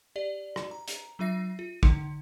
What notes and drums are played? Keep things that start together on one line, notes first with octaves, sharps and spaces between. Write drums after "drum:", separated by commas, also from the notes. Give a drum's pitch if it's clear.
G4 D5
drum: rim click
A#5
drum: hi-hat
F#3 D4 F4 E5 A#6 C7
F4
D3 D#4, drum: kick